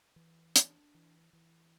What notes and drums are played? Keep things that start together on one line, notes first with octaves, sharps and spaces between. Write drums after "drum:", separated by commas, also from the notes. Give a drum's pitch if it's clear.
E3
D4, drum: hi-hat
E3
E3